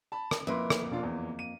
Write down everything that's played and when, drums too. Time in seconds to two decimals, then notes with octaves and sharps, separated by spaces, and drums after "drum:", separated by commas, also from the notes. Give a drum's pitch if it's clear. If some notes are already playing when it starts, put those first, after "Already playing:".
0.12 A5 B5
0.31 drum: rim click
0.47 F2 A#3 E4 B4 C6
0.70 drum: rim click
0.91 E1 D4 F4
1.03 E2 E3
1.39 D#7